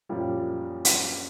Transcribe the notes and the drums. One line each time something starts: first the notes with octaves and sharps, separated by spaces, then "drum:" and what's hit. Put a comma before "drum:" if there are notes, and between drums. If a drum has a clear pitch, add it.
F#2 A#2 F3 G3
drum: hi-hat